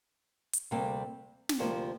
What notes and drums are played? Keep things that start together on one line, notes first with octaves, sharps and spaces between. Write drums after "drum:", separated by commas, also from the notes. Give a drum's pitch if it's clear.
drum: hi-hat
D2 C3 G3 A#3
drum: snare
D2 C3 F3 A#3